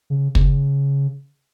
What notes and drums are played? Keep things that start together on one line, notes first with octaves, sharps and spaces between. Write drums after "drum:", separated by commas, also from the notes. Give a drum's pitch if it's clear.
C#3
C#3, drum: kick